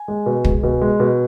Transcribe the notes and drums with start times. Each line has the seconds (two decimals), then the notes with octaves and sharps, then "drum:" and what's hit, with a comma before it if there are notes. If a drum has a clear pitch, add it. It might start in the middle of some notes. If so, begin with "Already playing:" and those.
Already playing: G#5
0.08 G#3
0.26 B2
0.44 G#3, drum: kick
0.63 B2
0.82 G#3
1.00 B2